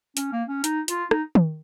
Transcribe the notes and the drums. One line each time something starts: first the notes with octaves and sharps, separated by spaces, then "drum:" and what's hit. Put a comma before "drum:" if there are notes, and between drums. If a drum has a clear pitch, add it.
C#4, drum: hi-hat
A#3
C#4
D#4, drum: hi-hat
F4, drum: hi-hat
D#4, drum: rim click
drum: tom D#3